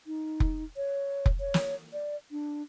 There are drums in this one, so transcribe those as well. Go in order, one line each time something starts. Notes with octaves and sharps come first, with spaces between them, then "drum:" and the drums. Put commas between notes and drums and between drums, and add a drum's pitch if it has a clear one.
D#4
drum: kick F1
C#5
drum: kick F1
C#5
drum: snare
D5
D4